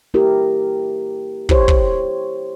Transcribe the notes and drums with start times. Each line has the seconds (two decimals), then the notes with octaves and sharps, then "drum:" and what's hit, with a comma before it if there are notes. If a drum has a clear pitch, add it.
0.14 A#3 E4 G4 A#4
1.49 E4 G4 C5 C#5, drum: kick
1.68 drum: kick